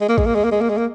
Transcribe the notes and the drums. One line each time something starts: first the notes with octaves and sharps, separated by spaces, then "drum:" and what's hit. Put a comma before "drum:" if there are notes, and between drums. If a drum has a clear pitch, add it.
G#3
A#3
G#3, drum: kick
A#3
G#3
A#3
G#3
A#3
G#3
A#3